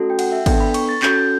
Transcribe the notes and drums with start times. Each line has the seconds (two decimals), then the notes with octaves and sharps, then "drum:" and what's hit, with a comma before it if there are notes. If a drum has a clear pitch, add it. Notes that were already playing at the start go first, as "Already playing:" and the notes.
Already playing: A3 C#4 F#4 A4
0.10 G5
0.19 F#5, drum: cymbal
0.32 E5
0.46 B3 D4 A4 G5, drum: kick G#1, cymbal
0.60 B5
0.74 C#6, drum: cymbal
0.89 A6
1.03 C#4 F#4 A4 G6, drum: clap